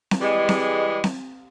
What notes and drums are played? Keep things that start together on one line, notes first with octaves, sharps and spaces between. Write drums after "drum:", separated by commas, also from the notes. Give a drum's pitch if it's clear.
drum: snare C4
E3 G3 G#3
drum: snare C4
drum: snare C4